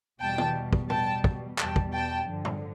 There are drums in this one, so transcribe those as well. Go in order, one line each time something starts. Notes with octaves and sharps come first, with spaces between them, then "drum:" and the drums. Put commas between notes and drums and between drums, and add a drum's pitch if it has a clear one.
E2 B2 G3 G5 A5
drum: tom
drum: kick
B2 G3 G5 A5, drum: tom A2
drum: kick
E2 B2 G3 G5 A5, drum: clap
drum: kick
G5 A5
G2 D3 F3
drum: tom A2